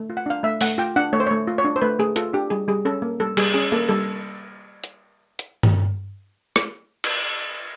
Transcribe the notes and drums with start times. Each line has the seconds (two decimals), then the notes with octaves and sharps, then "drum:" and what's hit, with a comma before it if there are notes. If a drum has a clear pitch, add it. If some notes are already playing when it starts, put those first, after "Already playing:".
Already playing: A3
0.10 F4
0.17 F#5
0.26 D4 F5
0.43 A3 E5
0.61 A3 F#5, drum: open hi-hat
0.78 F4 G5
0.96 D4 F#5
1.13 A3 C#5
1.20 C5
1.27 A3 C#5
1.47 F4
1.58 C#5
1.65 D4
1.76 C5
1.82 A3 B4
1.99 A3 G#4
2.16 F4 A4, drum: hi-hat
2.33 D4 G4
2.50 G3 G#4
2.68 G3 G#4
2.85 C#4 A4
3.02 A#3
3.20 G3 A4
3.37 G3 G#4, drum: cymbal
3.54 C#4 G#4
3.72 A#3 A4
3.89 G3 A4
4.84 drum: hi-hat
5.39 drum: hi-hat
5.63 drum: tom G2
6.56 drum: rim click
7.04 drum: cymbal